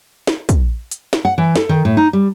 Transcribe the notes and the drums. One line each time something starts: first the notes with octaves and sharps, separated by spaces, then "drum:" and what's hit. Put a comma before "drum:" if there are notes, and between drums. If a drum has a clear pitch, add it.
drum: snare
drum: kick, hi-hat
drum: hi-hat
drum: snare
F#5
E3
A4, drum: snare
D#3
A2
D#4
G3